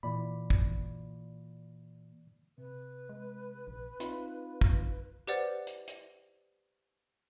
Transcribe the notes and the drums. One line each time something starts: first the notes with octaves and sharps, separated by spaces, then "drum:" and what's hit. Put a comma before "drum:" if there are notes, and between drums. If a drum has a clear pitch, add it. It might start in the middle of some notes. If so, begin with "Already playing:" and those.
A#2 E3 D5 B5
drum: kick
C3 B4
G#3
A#1
C4 D#4 F4 B5, drum: hi-hat
drum: kick
G4 B4 C5 D5 F#5 A6
drum: hi-hat
drum: hi-hat